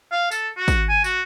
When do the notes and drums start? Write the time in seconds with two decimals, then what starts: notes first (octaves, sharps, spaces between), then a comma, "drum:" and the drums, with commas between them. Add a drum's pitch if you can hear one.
0.11 F5
0.31 A4, drum: tambourine
0.57 F#4
0.68 drum: kick, tambourine
0.89 G#5
1.04 F#4, drum: tambourine